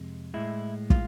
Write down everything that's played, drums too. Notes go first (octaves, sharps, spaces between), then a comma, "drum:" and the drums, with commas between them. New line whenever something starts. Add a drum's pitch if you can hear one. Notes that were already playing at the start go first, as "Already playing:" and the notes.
Already playing: F2 C3 G#3
A2 G#3 E4
F4, drum: kick